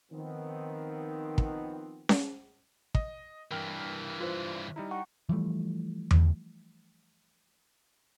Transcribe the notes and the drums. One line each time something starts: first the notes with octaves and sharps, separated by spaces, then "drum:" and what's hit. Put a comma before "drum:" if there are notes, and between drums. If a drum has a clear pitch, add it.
D#3 F3 B3 C4
drum: kick
drum: snare C#4
D#5, drum: kick
G2 E3 A#4 G5 F6
F4 B4 C5
G3 D#4 E4 A#5
F#5 G5 C#6
E3 F3 G3 A3
drum: tom E2